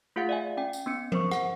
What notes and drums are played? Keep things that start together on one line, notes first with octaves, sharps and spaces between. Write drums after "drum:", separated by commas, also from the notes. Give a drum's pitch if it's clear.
A3 F4 G#4 F5 F#5 A6
D5 E5 G#5
C#4 G5 G#5
drum: tambourine
B3 C#4 C#7
A#4 C5 C#6, drum: tom F3
F#5, drum: rim click